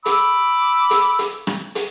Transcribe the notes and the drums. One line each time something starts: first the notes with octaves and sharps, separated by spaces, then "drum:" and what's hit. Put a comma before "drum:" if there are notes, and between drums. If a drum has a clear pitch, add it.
B5 D6 E6, drum: hi-hat
drum: hi-hat
drum: hi-hat
drum: rim click
drum: hi-hat